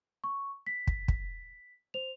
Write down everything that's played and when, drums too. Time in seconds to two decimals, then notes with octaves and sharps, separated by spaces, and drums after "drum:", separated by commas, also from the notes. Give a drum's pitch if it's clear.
0.24 C#6
0.67 B6
0.87 drum: kick
1.08 drum: kick
1.94 C5 F7